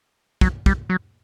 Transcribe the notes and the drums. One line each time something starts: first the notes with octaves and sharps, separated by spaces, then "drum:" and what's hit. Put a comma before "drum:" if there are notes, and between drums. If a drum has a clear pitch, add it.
F#3, drum: kick
G3, drum: kick
F#3